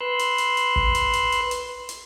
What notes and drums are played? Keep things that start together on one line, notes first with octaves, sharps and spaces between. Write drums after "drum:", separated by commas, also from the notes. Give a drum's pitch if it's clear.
B4 C6 E6 F#6
drum: hi-hat
drum: hi-hat
drum: hi-hat
drum: kick
drum: hi-hat
drum: hi-hat
drum: hi-hat
drum: hi-hat
drum: hi-hat